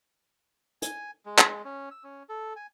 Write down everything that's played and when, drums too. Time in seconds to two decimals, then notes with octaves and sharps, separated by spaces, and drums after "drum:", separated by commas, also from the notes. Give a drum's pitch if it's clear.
0.82 G#5, drum: hi-hat
1.26 G#3
1.38 drum: clap
1.65 C#4
1.91 E6
2.04 C#4
2.29 A4
2.56 G#5